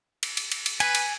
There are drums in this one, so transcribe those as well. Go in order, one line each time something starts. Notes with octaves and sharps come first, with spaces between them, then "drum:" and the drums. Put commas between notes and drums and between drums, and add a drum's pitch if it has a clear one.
drum: cymbal
drum: cymbal
drum: cymbal
drum: cymbal
B4 G#5, drum: cymbal
drum: cymbal